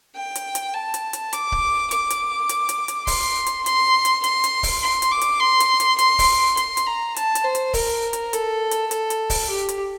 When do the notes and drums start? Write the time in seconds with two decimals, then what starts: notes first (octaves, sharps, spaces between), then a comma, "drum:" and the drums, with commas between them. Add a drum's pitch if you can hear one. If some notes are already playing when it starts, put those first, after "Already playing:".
0.16 G5
0.35 drum: hi-hat
0.55 drum: hi-hat
0.74 A5
0.94 drum: hi-hat
1.13 drum: hi-hat
1.33 D6, drum: hi-hat
1.52 drum: kick C#1
1.91 D6, drum: hi-hat
2.10 drum: hi-hat
2.49 drum: hi-hat
2.69 drum: hi-hat
2.88 drum: hi-hat
3.07 C6, drum: kick C#1, open hi-hat
3.46 drum: hi-hat
3.66 C6, drum: hi-hat
4.05 drum: hi-hat
4.24 C6, drum: hi-hat
4.44 drum: hi-hat
4.63 drum: kick C#1, open hi-hat
4.82 C6
5.02 drum: hi-hat
5.12 D6
5.21 drum: hi-hat
5.40 C6
5.60 drum: hi-hat
5.80 drum: hi-hat
5.99 C6, drum: hi-hat
6.19 drum: kick C#1, open hi-hat
6.57 C6, drum: hi-hat
6.77 drum: hi-hat
6.87 A#5
7.16 A5, drum: hi-hat
7.35 drum: hi-hat
7.45 C5
7.55 drum: hi-hat
7.74 A#4, drum: kick C#1, open hi-hat
8.13 drum: hi-hat
8.33 A4, drum: hi-hat
8.71 drum: hi-hat
8.91 A4, drum: hi-hat
9.10 drum: hi-hat
9.30 drum: kick C#1, open hi-hat
9.49 G4
9.69 drum: hi-hat